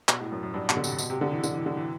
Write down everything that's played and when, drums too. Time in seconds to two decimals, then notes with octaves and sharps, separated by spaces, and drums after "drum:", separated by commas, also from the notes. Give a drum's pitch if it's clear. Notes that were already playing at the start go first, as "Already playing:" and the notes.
0.08 B2, drum: clap
0.21 A2
0.32 F#2
0.43 F#2
0.54 G2
0.69 B2, drum: clap
0.77 D3
0.84 C3, drum: tambourine
0.98 B2, drum: tambourine
1.10 C3
1.21 D3
1.32 E3
1.44 D3, drum: tambourine
1.54 E3
1.66 D3
1.77 E3